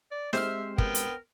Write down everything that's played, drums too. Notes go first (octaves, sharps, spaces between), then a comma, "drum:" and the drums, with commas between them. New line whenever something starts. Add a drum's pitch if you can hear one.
D5
G#3 C4 G4 C5 E5 F6, drum: snare
B3 A#4 G5, drum: kick
drum: hi-hat